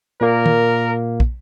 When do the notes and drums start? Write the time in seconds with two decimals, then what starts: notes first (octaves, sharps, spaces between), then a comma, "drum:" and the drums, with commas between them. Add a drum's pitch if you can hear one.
0.21 A#2 A#3 A#4
0.46 drum: tom
1.20 drum: kick